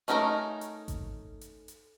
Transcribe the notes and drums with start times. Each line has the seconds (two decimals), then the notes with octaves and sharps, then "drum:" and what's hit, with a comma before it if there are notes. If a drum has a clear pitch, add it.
0.08 A3 C#4 D#4 G#4 A#4, drum: hi-hat
0.61 drum: hi-hat
0.88 drum: kick G#1, hi-hat
1.41 drum: hi-hat
1.68 drum: hi-hat